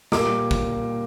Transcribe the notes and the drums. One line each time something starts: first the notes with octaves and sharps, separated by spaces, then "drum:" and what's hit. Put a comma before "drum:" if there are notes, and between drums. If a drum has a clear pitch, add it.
A#2 G3 A#3 D6, drum: snare
drum: kick